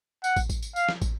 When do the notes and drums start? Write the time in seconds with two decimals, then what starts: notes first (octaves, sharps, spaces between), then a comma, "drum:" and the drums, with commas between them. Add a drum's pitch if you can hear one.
0.24 F#5, drum: tambourine
0.36 drum: kick, tambourine
0.49 drum: kick, tambourine
0.62 drum: tambourine
0.76 F5, drum: tambourine
0.89 drum: snare
1.02 drum: kick, tambourine